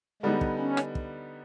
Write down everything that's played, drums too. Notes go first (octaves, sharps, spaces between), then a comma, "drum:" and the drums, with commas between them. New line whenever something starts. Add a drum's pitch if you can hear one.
D3 G3 G#3 B3 D#4
drum: kick
C#4
drum: rim click
drum: kick